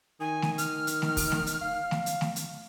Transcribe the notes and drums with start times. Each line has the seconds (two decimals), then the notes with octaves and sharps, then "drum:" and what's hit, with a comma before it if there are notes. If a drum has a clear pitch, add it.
0.20 D#3 G#5
0.42 drum: snare A3
0.58 F6, drum: hi-hat
0.87 drum: hi-hat
1.02 drum: snare A3
1.17 drum: kick, open hi-hat
1.32 drum: snare A3
1.47 drum: hi-hat
1.61 F5
1.91 drum: snare A3
2.06 drum: hi-hat
2.21 drum: snare A3
2.36 drum: hi-hat